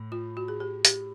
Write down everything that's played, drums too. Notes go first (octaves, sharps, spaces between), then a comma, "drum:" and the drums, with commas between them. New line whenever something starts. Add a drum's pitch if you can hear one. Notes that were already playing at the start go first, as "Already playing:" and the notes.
Already playing: A2
F4
F#4
G#4
G4
G4, drum: hi-hat